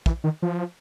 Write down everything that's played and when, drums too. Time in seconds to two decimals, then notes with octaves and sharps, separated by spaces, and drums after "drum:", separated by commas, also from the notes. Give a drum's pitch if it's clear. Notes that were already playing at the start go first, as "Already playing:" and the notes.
0.06 E3, drum: kick
0.24 D#3
0.42 F3